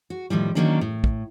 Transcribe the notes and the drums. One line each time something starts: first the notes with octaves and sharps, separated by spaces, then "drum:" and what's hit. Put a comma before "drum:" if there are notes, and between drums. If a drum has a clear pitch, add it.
F#4
A2 D#3 F3 G3
D#3 E3 F#3 A#3 C#4 D4
A2
drum: kick